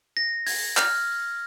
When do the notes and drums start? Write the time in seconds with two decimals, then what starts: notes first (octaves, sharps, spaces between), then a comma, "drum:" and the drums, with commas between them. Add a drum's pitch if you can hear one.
0.17 A#6
0.47 G#6, drum: open hi-hat
0.77 F6, drum: clap